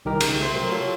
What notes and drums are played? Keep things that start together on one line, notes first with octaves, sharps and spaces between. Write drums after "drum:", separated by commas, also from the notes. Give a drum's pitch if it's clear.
C2 D#3 D#4 G4 A#4 D#5
C#3, drum: cymbal
A3 C5
C3 F#3 G4 A#4 C6
F4 F#4 A4 C#5